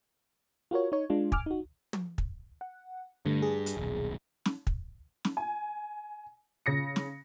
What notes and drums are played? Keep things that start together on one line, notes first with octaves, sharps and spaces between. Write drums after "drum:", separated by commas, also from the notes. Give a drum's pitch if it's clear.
F4 F#4 A#4 C#5
D#4 C#5
G#3 D4 F4
G#5 D6 F6, drum: kick
D#4 F#4
drum: tom
drum: kick
F#5
G2 D3 A3
G#4
drum: hi-hat
D#1 B1
drum: snare
drum: kick
drum: snare
G#5
C#3 A#6 C#7
drum: snare